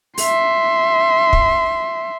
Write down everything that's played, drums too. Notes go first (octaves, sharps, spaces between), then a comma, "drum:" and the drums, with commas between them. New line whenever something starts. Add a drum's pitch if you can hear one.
E5 C6, drum: open hi-hat
drum: kick